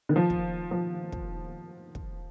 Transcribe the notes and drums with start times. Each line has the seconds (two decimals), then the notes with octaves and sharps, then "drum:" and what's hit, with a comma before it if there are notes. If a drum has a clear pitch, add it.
0.09 D#3
0.16 F3
0.30 drum: kick
0.71 F3
1.12 drum: kick
1.95 drum: kick